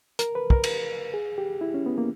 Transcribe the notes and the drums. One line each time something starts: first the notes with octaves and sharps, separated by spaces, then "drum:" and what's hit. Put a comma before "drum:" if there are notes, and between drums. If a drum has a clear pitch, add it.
A#4, drum: hi-hat
B4
A#4, drum: kick
drum: cymbal
G#4
G4
E4
C#4
B3
A#3